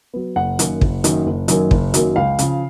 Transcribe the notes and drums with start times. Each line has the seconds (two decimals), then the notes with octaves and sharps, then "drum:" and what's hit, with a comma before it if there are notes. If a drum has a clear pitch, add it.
0.14 F#3 B3
0.36 F#1 F#5
0.59 F#2 D#3 F#3 A#3, drum: hi-hat
0.81 F#1, drum: kick
1.04 F#2 D#3 F#3 A#3, drum: hi-hat
1.26 F#1
1.48 F#2 D#3 F#3 A#3, drum: hi-hat
1.71 F#1, drum: kick
1.94 F#2 D#3 F#3 A#3, drum: hi-hat
2.16 C#2 F5
2.39 C#3 F3, drum: hi-hat